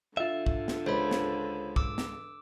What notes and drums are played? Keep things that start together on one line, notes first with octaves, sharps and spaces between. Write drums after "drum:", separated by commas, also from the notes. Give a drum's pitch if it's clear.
D3 F4 E5
drum: kick
drum: snare
C#2 C5 C#5 B5
drum: snare
D6 E6, drum: kick
drum: snare